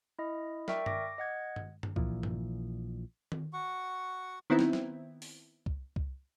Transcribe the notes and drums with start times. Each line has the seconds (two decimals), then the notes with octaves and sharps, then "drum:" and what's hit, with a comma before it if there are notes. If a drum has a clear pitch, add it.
0.19 E4 D#5
0.68 A#4 D5 E5 G5 C#6, drum: snare
0.86 D6 A#6, drum: tom G2
1.18 D#5 F#5 G#6
1.56 drum: tom G2
1.83 drum: tom G2
1.96 A#1 A#2 E3 F3, drum: kick
2.23 drum: tom G2
3.32 drum: tom D#3
3.53 F#4 F#5 C#6
4.50 D#3 B3 C4 E4
4.59 drum: snare
4.73 drum: snare
5.22 drum: open hi-hat
5.66 drum: kick
5.96 drum: kick